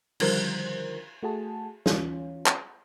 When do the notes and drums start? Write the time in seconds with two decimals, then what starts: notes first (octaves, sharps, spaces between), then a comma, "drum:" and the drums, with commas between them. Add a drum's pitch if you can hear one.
0.20 D3 D#3 F3 G3 A#4 C5, drum: cymbal
1.23 A3 F#4 G#4 A5
1.86 E3 C#4 F4, drum: snare
2.46 drum: clap